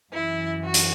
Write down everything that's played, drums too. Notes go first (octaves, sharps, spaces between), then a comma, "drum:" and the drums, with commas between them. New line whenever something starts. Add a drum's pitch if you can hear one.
F#2 E3 E4
F#4
drum: hi-hat